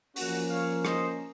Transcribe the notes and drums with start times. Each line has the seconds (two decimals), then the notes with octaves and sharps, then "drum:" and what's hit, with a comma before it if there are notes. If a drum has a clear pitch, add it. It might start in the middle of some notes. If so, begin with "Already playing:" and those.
0.16 F3 A#3 C#4 F#4, drum: open hi-hat
0.50 C#5 F5
0.85 C5 D#5, drum: rim click